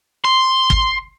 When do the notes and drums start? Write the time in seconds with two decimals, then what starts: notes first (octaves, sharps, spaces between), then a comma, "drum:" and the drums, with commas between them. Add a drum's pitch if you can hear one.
0.25 C6
0.70 drum: kick